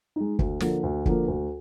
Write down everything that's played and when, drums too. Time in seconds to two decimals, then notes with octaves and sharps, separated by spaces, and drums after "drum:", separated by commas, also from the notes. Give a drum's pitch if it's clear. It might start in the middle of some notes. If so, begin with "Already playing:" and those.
0.16 G#3 D#4
0.39 D2, drum: kick
0.60 D3 F3 A#3, drum: snare
0.83 D2
1.06 D3 F3 A#3, drum: kick
1.28 D2